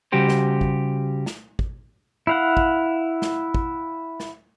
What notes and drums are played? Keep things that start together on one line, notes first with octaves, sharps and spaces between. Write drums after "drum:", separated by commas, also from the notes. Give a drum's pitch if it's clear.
C#3 G3 F#4 G4 C5
drum: snare
drum: kick
drum: snare
drum: kick
E4 F5 F#5
drum: kick
drum: snare
drum: kick
drum: snare